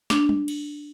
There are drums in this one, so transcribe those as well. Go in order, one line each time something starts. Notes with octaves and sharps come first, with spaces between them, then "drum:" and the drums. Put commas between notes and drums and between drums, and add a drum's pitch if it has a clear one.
D4, drum: snare
drum: tom G3
drum: cymbal